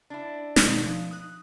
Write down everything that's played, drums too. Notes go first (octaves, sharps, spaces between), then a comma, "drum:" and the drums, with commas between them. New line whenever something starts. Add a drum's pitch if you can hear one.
D4 E4
drum: snare
B2 D#3 D#4
F3
D#6 F#6